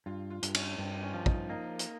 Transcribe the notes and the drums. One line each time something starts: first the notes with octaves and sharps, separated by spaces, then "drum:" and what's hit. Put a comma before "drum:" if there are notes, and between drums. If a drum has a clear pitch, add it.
G2 F4
F4
G2, drum: hi-hat
C#4, drum: cymbal
G2 C4
C#4
F3
D#4, drum: kick
A#3 D#4
drum: hi-hat